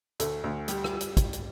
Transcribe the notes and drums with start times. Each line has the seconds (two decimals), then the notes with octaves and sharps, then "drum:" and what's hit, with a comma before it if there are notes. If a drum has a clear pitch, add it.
0.20 D2 A3 A4, drum: hi-hat
0.44 D2
0.68 G3 G4, drum: hi-hat
0.84 drum: rim click
1.01 drum: hi-hat
1.17 drum: kick, hi-hat
1.33 drum: hi-hat